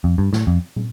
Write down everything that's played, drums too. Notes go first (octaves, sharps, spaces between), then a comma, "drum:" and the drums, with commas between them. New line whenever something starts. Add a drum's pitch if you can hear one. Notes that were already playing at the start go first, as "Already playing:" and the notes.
F2
G2
A2, drum: snare
F2
drum: tom